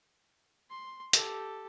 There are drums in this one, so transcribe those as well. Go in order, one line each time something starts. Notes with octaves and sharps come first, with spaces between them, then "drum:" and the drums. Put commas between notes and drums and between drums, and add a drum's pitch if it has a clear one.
C6
G4 A4, drum: hi-hat